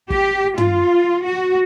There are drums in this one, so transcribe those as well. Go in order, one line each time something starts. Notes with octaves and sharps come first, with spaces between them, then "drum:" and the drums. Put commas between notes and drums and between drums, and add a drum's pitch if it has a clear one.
G4, drum: kick
F4, drum: tom
F#4